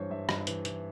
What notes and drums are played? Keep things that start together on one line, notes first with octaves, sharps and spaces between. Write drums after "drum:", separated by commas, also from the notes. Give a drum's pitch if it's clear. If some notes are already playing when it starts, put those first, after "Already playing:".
Already playing: G2 E3 C5 C#5
G2 E5
G2, drum: rim click
E3, drum: hi-hat
E3, drum: hi-hat